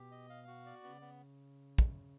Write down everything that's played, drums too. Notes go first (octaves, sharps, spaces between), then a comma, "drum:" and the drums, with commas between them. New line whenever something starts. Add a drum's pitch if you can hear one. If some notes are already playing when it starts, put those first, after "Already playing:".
Already playing: B2 G4
D#5
F5
F#4
D5
C#3 B3
B3
drum: kick